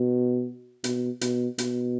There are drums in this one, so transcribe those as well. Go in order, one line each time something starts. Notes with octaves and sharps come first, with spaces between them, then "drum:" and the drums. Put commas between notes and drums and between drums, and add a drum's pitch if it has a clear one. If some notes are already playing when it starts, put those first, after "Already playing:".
Already playing: B2
B2, drum: hi-hat
B2, drum: hi-hat
B2, drum: hi-hat